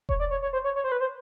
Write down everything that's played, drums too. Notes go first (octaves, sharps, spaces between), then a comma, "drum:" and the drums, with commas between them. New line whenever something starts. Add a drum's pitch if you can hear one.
C#5, drum: kick E1
D5
C#5
C#5
C5
C#5
C#5
C5
B4
C5